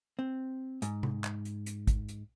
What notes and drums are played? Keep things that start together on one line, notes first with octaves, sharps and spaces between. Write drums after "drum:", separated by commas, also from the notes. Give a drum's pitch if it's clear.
C4
G#2, drum: hi-hat
drum: tom C3
drum: clap
drum: hi-hat
drum: hi-hat
drum: kick G#1, hi-hat
drum: hi-hat